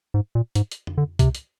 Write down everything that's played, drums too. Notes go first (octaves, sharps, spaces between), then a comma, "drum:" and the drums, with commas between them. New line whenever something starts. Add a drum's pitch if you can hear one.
G#2
A#2
G#2, drum: hi-hat
drum: hi-hat
drum: tom F2
D3
C3, drum: kick, hi-hat
drum: hi-hat